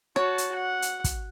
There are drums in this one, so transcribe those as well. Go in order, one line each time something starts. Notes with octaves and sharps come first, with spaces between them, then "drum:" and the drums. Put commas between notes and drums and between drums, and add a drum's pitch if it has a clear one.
F#4 C#5 A5, drum: rim click
drum: hi-hat
F#5
drum: hi-hat
drum: kick, hi-hat